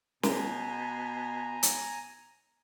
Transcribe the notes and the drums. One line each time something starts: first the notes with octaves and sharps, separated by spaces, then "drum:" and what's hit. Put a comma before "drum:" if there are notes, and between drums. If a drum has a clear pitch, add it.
B2 G#5 A#5, drum: snare
drum: hi-hat